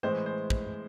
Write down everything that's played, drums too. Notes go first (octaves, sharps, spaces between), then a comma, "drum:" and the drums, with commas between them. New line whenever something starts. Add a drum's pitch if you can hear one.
A2 E3 G#3 C5
C5
drum: kick